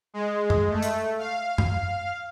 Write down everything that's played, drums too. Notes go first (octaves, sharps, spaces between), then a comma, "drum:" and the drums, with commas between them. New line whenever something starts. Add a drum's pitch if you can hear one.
G#3
drum: tom F#2
A3
drum: hi-hat
F5
drum: tom F#2